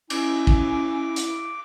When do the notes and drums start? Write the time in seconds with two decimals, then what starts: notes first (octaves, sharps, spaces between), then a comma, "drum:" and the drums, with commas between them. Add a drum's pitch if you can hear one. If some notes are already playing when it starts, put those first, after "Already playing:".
0.10 C#4 E4 G#5 D6, drum: cymbal
0.47 drum: kick
1.16 drum: hi-hat